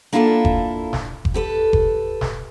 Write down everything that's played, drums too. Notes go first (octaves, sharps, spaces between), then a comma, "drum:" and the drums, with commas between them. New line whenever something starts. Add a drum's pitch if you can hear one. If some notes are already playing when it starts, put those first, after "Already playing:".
A#3 D4 E4 F4 G#4 A4
drum: kick F#1
drum: snare
drum: kick F#1
G4 A4 B4
drum: kick F#1
drum: snare